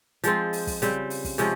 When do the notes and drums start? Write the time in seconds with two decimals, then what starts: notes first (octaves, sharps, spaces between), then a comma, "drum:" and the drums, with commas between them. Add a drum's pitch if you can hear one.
0.24 F3 G#3 C4 F4, drum: hi-hat
0.53 drum: open hi-hat
0.67 drum: kick, open hi-hat
0.82 C#3 G3 C4, drum: hi-hat
1.10 drum: open hi-hat
1.25 drum: kick, open hi-hat
1.38 C3 F3 G#3 C#4, drum: hi-hat